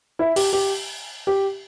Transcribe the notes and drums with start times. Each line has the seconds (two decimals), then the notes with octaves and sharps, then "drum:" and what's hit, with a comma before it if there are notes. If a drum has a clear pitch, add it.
0.19 E4
0.36 G4, drum: open hi-hat
0.53 G4
1.27 G4